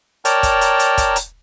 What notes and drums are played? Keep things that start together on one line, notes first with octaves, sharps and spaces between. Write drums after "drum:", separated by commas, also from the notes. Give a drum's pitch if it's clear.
A#4 C#5 D5 G5 A5 A#5, drum: hi-hat
drum: kick, hi-hat
drum: hi-hat
drum: hi-hat
drum: kick, hi-hat
drum: hi-hat